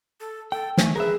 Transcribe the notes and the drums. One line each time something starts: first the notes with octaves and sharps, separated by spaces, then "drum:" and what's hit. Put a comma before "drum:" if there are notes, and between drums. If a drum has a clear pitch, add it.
A4
A4 G5
A3 G#5, drum: snare
G#4 A#4 B4 E5